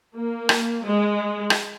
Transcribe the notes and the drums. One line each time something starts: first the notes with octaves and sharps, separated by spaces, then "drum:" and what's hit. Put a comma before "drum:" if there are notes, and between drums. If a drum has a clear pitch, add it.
A#3
drum: rim click
G#3
drum: rim click